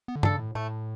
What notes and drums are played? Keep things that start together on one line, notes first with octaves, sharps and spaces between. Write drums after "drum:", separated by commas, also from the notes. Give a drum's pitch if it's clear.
B3
D3
C#3 D4 A4, drum: tom G2
A2
A2 A3